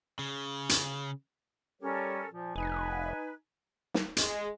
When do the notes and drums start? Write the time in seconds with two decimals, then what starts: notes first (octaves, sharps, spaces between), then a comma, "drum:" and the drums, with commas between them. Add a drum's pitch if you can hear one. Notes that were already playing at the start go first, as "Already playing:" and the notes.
0.19 C#3
0.69 drum: hi-hat
1.82 G3 C#4 G4 A4 A#4 C#5
2.29 A#2 F3
2.56 F1 D#4 B4 G#5
3.94 drum: snare
4.17 G#3, drum: hi-hat